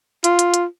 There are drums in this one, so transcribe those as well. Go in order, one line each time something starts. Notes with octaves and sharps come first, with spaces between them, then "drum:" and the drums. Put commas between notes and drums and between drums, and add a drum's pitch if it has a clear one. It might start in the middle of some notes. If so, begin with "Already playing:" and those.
F4, drum: hi-hat
drum: hi-hat
drum: hi-hat